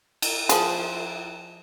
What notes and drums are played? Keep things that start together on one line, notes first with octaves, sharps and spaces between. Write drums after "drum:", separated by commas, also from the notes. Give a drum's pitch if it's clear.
drum: cymbal
F3 G#4, drum: hi-hat